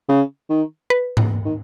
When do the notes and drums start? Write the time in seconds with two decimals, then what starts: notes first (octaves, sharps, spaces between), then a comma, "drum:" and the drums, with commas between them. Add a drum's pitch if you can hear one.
0.09 C#3
0.50 D#3
0.90 B4
1.17 drum: tom G#2
1.45 D#3